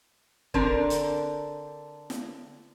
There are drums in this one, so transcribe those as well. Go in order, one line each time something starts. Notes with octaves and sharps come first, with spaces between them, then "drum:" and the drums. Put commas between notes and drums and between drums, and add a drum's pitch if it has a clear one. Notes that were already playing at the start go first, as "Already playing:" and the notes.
D3 C4 D4 A#4, drum: kick
drum: hi-hat
drum: snare